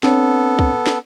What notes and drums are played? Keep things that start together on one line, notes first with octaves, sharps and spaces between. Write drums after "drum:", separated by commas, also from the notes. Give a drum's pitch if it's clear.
B3 C4 D4 A4 C#5, drum: snare
drum: kick
drum: snare